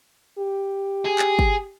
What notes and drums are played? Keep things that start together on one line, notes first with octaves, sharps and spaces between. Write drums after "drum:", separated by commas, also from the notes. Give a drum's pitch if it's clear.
G4
G#4
drum: clap
drum: kick